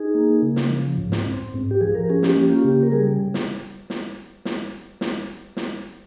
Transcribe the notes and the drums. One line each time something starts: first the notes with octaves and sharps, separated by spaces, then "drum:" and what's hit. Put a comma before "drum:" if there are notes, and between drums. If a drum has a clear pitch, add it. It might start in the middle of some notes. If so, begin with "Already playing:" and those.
Already playing: D#4 G#4
A#3
C#3
drum: snare
F3
G#2
drum: snare
C4
G#2
G4
F3 G#4
A#4
C#4 G#4
G4, drum: snare
A#3 G4
F4
C#3 G4
A#4
G3 G#4
drum: snare
drum: snare
drum: snare
drum: snare
drum: snare